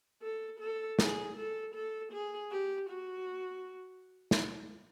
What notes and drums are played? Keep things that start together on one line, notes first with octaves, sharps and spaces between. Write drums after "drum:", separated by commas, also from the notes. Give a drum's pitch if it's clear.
A4
A4
G#4, drum: snare
A4
A4
G#4
G4
F#4
drum: snare